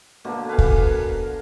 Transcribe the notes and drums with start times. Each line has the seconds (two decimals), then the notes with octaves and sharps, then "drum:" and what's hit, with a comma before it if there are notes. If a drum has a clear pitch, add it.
0.24 B2 D3 A3 A#3
0.49 B4 F5 G#5
0.58 drum: kick
0.86 A#4